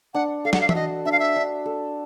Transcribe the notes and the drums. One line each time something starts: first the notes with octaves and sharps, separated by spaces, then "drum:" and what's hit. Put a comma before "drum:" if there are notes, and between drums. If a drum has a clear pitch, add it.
D4 F#5
A4 F5
F#5, drum: snare
F5
E5, drum: tom E3
F#4 D#5
D4 E5
F5
E5
D4
A4